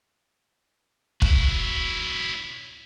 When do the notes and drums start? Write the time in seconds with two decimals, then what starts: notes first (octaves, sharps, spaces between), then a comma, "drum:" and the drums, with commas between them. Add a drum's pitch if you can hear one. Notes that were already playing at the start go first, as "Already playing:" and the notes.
1.22 F#3 E4, drum: kick